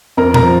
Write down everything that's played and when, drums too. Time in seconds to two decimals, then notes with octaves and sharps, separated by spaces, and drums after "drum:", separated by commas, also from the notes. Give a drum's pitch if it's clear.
0.17 F2 A#4 A#5
0.34 A#4 A#5, drum: tom A#2
0.43 F3